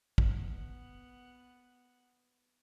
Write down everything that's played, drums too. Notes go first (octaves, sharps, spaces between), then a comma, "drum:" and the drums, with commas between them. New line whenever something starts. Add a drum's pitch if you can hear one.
B3 F#5, drum: kick